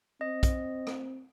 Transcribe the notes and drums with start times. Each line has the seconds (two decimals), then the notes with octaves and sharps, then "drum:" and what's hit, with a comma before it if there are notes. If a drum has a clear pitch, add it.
0.21 C4 D#5
0.43 drum: kick, hi-hat
0.87 drum: rim click